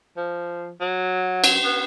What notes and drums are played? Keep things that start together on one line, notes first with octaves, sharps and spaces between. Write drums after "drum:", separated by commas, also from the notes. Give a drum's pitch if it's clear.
F3
F#3
drum: cymbal
B3